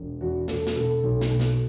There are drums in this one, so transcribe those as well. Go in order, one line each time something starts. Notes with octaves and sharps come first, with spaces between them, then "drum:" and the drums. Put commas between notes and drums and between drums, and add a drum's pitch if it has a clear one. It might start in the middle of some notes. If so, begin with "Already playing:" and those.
Already playing: E1
E2 F#4
E1 A4, drum: snare
drum: snare
B2 A4
B1
drum: snare
B2
drum: snare